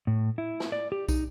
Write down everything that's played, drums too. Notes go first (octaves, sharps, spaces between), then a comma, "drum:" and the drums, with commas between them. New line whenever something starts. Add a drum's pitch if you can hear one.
A2
E4
drum: snare
D5
G4
D#4, drum: kick, tambourine